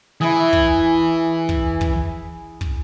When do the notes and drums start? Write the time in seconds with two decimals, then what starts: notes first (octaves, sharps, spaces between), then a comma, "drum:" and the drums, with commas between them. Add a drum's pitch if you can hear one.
0.21 E3 E4 G#4
0.53 drum: kick
1.49 drum: kick
1.81 drum: kick
2.61 drum: kick